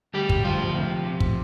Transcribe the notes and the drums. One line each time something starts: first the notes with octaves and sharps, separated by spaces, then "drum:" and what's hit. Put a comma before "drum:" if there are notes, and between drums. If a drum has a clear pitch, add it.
D2 G3 G4
drum: kick
D2 F3 F4
C3
C3
drum: kick